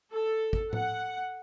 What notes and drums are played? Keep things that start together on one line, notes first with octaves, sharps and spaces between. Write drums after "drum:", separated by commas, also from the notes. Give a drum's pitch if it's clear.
A4
drum: kick
F#5, drum: tom A2